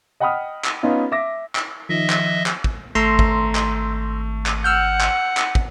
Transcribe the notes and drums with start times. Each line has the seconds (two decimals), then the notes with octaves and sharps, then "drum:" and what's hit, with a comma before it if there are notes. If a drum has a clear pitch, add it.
0.20 D#5 F#5 G5 B5 D#6 F6
0.64 drum: clap
0.83 B3 C#4 D#4 F4
1.12 E5 D6 A#6
1.55 drum: clap
1.89 D#3 F3 D#5 E5
2.10 drum: clap
2.46 drum: clap
2.64 drum: kick
2.95 G#1 A3 A#5 C6 E6
3.19 drum: kick
3.55 drum: clap
4.46 drum: clap
4.64 F#5 E6 F6 G6
5.01 drum: clap
5.37 drum: clap
5.55 drum: kick